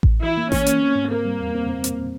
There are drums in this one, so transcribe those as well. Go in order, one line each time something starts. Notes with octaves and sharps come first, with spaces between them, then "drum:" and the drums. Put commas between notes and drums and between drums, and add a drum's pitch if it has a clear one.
drum: kick A1
E3 E4
A#3
E3 C#4, drum: snare A1
A#3, drum: hi-hat
C4
G#2
A#3 C4
G3
E2
C4
C4
C4, drum: hi-hat